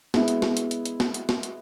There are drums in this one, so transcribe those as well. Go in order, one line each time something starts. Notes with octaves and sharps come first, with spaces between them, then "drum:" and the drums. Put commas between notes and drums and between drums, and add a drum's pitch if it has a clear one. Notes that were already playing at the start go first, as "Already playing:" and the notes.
G#3 B3 E4, drum: snare
drum: hi-hat
drum: snare
drum: hi-hat
drum: hi-hat
drum: hi-hat
drum: snare
drum: hi-hat
drum: snare
drum: hi-hat